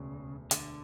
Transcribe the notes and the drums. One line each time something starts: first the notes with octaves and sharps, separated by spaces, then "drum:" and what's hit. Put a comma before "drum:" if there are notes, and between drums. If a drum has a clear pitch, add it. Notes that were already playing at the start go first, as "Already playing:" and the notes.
Already playing: E1 D2 C#3
D3, drum: hi-hat